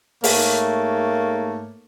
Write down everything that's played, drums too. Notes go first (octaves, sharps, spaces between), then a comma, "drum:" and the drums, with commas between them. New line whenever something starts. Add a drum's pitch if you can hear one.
G#2 A3 A#3 C#5, drum: open hi-hat